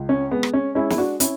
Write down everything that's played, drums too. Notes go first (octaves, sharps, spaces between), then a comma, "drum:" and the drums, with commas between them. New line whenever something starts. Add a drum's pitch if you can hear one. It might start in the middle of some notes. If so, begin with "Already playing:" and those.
Already playing: C#2
C#4
G#3 B3
drum: rim click
C#4
G#3 C#4 E4
E4, drum: snare
D4 F#4
C#4 E4, drum: hi-hat